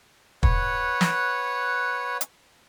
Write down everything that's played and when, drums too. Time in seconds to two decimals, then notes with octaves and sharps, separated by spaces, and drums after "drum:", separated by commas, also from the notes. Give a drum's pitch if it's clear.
0.43 B4 C#5 F#5, drum: kick
1.01 drum: snare
2.21 drum: hi-hat